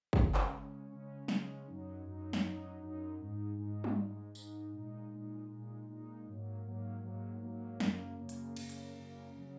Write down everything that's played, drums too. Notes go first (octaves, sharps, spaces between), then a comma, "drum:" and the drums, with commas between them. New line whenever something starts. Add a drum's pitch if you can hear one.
C#3 G#3 C#4, drum: kick
drum: clap
C#3 G#3 C#4
C#3 G#3 C#4
C#3 G#3 C#4, drum: snare
F#2 F#3 D#4
F#2 F#3 D#4
drum: snare
F#2 F#3 D#4
F#2 F#3 D#4
G#2 G#3 D#4
G#2 G#3 D#4
drum: tom G3
G#2 G#3 D#4
G#2 G#3 D#4, drum: tambourine
A#2 G#3 D#4
A#2 G#3 D#4
A#2 G#3 D#4
A#2 G#3 D#4
G#2 F#3 A#3
G#2 F#3 A#3
G#2 F#3 A#3
G#2 F#3 A#3
F#2 C#3 A#3, drum: snare
F#2 C#3 A#3
drum: hi-hat
F#2 C#3 A#3, drum: cymbal
drum: hi-hat
F#2 C#3 A#3
C#3 F#3 C#4